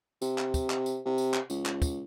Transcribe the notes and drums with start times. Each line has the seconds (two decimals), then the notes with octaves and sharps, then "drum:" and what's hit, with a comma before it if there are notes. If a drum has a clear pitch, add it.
0.22 C3, drum: tambourine
0.38 drum: clap
0.54 drum: kick, tambourine
0.70 drum: clap
0.86 drum: tambourine
1.06 C3
1.18 drum: tambourine
1.34 drum: clap
1.50 C#2, drum: tambourine
1.66 drum: clap
1.82 drum: kick, tambourine